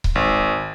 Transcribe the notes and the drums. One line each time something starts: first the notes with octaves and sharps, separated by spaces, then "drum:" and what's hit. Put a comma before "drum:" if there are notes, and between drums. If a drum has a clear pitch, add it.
drum: kick C#1
G#1